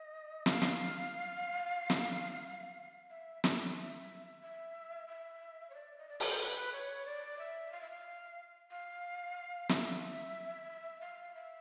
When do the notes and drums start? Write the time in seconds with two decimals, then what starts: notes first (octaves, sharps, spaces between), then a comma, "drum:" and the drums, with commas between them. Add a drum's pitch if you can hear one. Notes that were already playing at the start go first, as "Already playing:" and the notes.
Already playing: D#5
0.46 F5, drum: snare
0.62 drum: snare
1.90 drum: snare
3.10 E5
3.44 E5, drum: snare
3.76 E5
4.42 E5
5.08 E5
5.70 C#5
5.74 D5
5.99 D#5
6.09 D5
6.20 C#5, drum: open hi-hat
6.29 C5
6.40 B4
6.72 C#5
7.06 D5
7.39 E5
7.72 F5
7.81 E5
7.90 F5
8.71 F5
9.69 E5, drum: snare
11.01 F5
11.35 E5